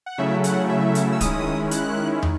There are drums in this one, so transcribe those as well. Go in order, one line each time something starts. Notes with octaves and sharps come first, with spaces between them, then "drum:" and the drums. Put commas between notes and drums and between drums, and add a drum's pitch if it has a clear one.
F#5
C#3 F#3 A3 C#4 E4 E5
F#5, drum: hi-hat
E5
drum: hi-hat
E6
D#3 G#3 C#4 E4 D#6, drum: kick D1, hi-hat
F#6, drum: hi-hat
D#3, drum: tom